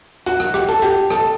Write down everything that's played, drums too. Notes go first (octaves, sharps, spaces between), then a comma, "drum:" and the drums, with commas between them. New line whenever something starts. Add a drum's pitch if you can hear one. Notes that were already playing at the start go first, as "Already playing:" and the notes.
F#4, drum: hi-hat
drum: rim click
G4, drum: rim click
A4, drum: hi-hat
G4, drum: hi-hat
A4, drum: rim click